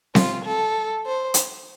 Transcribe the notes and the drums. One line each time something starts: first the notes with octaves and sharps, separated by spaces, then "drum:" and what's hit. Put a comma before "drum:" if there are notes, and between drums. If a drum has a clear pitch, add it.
F4, drum: snare C4
A4
C5
drum: hi-hat